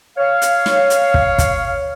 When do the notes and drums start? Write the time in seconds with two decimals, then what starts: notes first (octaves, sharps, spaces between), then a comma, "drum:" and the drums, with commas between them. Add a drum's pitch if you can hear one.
0.17 C#5 F5
0.42 drum: hi-hat
0.66 drum: snare
0.90 drum: hi-hat
1.14 drum: kick
1.38 drum: kick, hi-hat